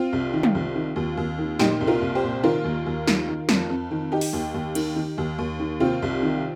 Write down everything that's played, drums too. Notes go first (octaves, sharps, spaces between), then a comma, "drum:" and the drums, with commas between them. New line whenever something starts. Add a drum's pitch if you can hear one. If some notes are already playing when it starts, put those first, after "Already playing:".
Already playing: C4 F4
C2
D#3
drum: tom
C2
D#3
D#2
D#2
D#3
A#2 D#4 G4, drum: snare
C2
F4 A#4
C2
G4 C5
A#2
D#3 F4 A#4
D#2
D#2
D#3, drum: snare
D#3
F2, drum: snare
F2
D#3
D#3 D#4 G4
drum: open hi-hat
D#2
D#2
D#3, drum: cymbal
D#3
D#2
D#2
D#3
C3 C4 F4
C2
D#3